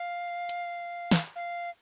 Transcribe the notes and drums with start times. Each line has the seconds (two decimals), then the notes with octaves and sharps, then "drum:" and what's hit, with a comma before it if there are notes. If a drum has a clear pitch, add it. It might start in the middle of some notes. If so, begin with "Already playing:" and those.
Already playing: F5
0.49 drum: hi-hat
1.11 drum: snare
1.36 F5